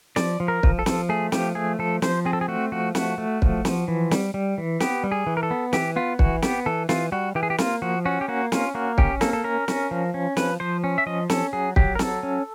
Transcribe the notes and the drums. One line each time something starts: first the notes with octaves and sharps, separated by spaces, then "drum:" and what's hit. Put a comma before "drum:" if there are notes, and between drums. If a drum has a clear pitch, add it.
F3 D5, drum: snare
F3
A#4
F3, drum: kick
A4
F3, drum: snare
A3 G#4
F3 G4, drum: snare
A3 G#4
F3 A4
F3 C5, drum: snare
C4 G#4
A4
G#4
A3 F#4
F3 F#4
A3 F#4, drum: snare
A3
F3, drum: kick
F3, drum: snare
E3
G3, drum: snare
G3
E3
B3 G4, drum: snare
G3
G#4
E3
A#4
A4
B3
E3 G4, drum: snare
B3 F4
E3 F#4, drum: kick
B3 G4, drum: snare
E3 A4
E3 F4, drum: snare
G3 F#4
E3 G4
G#4
G4
A#3 F4, drum: snare
F3 F#4
C#4 F#4
G4
A#3 F#4
C#4 F4, drum: snare
A#3 F#4
C#4 G4, drum: kick
A#3 A4, drum: snare
A4
C#4 A#4
C#4, drum: snare
F3
C#4
F3 B4, drum: snare
F3 C5
C#4
E5
F3 D#5
C#4 A4, drum: snare
F#3 G#4
F#3 G4, drum: kick
A#4
F#3 A4, drum: snare
C#4